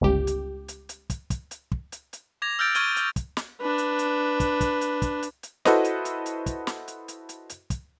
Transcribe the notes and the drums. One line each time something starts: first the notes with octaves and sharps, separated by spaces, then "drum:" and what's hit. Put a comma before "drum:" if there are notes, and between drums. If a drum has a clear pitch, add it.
G1 C#2 G4
drum: hi-hat
drum: hi-hat
drum: hi-hat
drum: kick, hi-hat
drum: kick, hi-hat
drum: hi-hat
drum: kick
drum: hi-hat
drum: hi-hat
D6 G#6 A#6 F7
E6 F6 G6 A6 D7
C#6 F6 G#6 A6 D#7 G7, drum: hi-hat
F6, drum: hi-hat
drum: kick, hi-hat
drum: snare
D4 B4
drum: hi-hat
drum: hi-hat
drum: kick, hi-hat
drum: kick, hi-hat
drum: hi-hat
drum: kick, hi-hat
drum: hi-hat
drum: hi-hat
E4 F#4 A4 B4 C5 D#5, drum: snare
drum: hi-hat
drum: hi-hat
drum: hi-hat
drum: kick, hi-hat
drum: snare
drum: hi-hat
drum: hi-hat
drum: hi-hat
drum: hi-hat
drum: kick, hi-hat